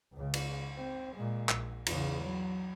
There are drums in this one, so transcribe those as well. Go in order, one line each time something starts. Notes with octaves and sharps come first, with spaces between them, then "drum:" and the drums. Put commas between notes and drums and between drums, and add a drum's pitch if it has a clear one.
C#2 C#3
drum: cymbal
C4
A#2 G#3
A#1, drum: clap
E2 C#3, drum: cymbal
F#3